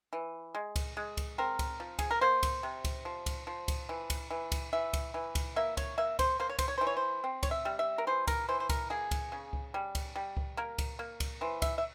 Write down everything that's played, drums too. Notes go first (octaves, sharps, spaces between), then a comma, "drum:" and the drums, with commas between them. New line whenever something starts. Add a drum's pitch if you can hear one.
E3
G#3
drum: kick C#2, cymbal
G#3
drum: kick C#2, cymbal
C4 A#4
drum: kick C#2, cymbal
F3
G#4, drum: kick C#2, cymbal
A#4
A#3 C5
drum: kick C#2, cymbal
C3
drum: kick C#2, cymbal
F3
drum: kick C#2, cymbal
F3
drum: kick C#2, cymbal
E3
drum: kick C#2, cymbal
E3
drum: kick C#2, cymbal
E3 E5
drum: kick C#2, cymbal
E3
drum: kick C#2, cymbal
A#3 E5
C#5, drum: kick C#2, cymbal
A#3 E5
C5, drum: kick C#2, cymbal
A#3 C5
C#5
C5, drum: kick C#2, cymbal
C#5
E3 C5
C#5
C5
C4
C#5, drum: kick C#2, cymbal
E5
G3
E5
A#4
E3 C5
A#4, drum: kick C#2, cymbal
E3 C5
C5
A#4, drum: kick C#2, cymbal
A#3 G#4
drum: kick C#2, cymbal
C#3
drum: kick C#2
G3
drum: kick C#2, cymbal
G3
drum: kick C#2
A#3 A#4
drum: kick C#2, cymbal
A#3
drum: kick C#2, cymbal
E3 C5
E5, drum: kick C#2, cymbal
E5